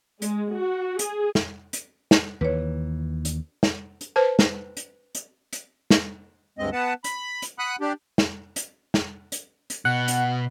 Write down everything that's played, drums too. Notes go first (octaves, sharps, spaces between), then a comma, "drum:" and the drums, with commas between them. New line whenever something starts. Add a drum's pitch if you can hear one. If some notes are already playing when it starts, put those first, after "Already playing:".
G#3, drum: hi-hat
F#4
G#4, drum: hi-hat
drum: snare
drum: hi-hat
drum: snare
D#2 E3 B4 C#5
drum: hi-hat
drum: snare
drum: hi-hat
B4 C5 A5
drum: snare
drum: hi-hat
drum: hi-hat
drum: hi-hat
drum: snare
D2 G2 G#3 C4 D#5
B3 B4 F#5 A5
B5, drum: hi-hat
drum: hi-hat
F#5 B5 D#6 F#6
D4 G4
drum: snare
drum: hi-hat
drum: snare
drum: hi-hat
drum: hi-hat
B2 F#5
drum: hi-hat